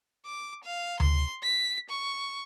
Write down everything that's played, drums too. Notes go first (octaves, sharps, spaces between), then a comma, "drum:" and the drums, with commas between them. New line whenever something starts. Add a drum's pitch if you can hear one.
D6
F5
C6, drum: tom D2
B6
C#6